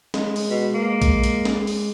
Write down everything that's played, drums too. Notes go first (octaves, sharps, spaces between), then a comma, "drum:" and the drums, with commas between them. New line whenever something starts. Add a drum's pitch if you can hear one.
G#3, drum: snare
drum: open hi-hat
B2
A#3
drum: kick A#1, hi-hat
drum: hi-hat
drum: snare
drum: open hi-hat